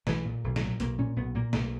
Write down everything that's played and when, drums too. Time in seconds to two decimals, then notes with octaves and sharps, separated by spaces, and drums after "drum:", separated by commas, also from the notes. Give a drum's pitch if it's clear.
0.07 B1 E3, drum: snare
0.25 A#2
0.44 B1
0.56 F#3, drum: snare
0.62 A#2
0.80 B1 A#3, drum: hi-hat
0.98 A#2 C#4
1.16 B1 B3
1.35 A#2 A#3
1.53 B1 A#3, drum: snare